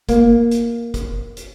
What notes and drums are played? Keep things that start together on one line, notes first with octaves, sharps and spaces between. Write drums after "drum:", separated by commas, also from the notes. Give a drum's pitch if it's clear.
A#3, drum: kick, hi-hat
drum: hi-hat
drum: kick, hi-hat
drum: hi-hat